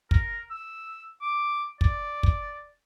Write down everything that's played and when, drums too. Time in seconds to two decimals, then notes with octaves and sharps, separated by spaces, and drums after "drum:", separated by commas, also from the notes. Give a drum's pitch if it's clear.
0.11 A#4, drum: kick
0.50 E6
1.22 D6
1.81 D5, drum: kick
2.23 drum: kick